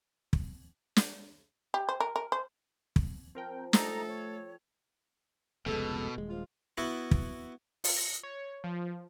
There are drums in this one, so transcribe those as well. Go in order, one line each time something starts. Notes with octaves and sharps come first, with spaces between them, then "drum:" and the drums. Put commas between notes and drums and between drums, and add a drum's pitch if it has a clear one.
drum: kick
drum: snare
G4
C5
A#4
A#4
C5
drum: kick
F3 C4 A#4 G5
A3 D#4 A4 G5 A#5, drum: snare
C#5
F1 C#2 B2 G#3 A4
D#1 G#3
F3 F4
B3 E4 F#4
drum: kick
F4, drum: open hi-hat
A#6
C#5
F3